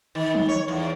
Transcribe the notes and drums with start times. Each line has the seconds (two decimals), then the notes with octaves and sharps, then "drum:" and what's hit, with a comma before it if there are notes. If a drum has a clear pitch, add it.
0.15 D#3
0.35 drum: tom E3
0.48 C#5
0.68 E2